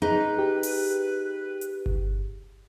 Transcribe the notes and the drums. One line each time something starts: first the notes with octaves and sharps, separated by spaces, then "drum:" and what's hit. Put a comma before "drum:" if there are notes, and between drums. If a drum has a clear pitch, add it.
D#4 G#4 B4
G4
drum: open hi-hat
drum: hi-hat
drum: kick G1